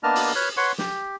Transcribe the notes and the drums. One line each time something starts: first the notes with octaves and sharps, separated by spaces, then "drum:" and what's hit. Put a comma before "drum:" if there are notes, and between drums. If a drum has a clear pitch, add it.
A#3 B3 D4 D#5 A5 F6
drum: open hi-hat
B4 C#5 F6
B4 C#5 F#5 C6 C#6
G4, drum: snare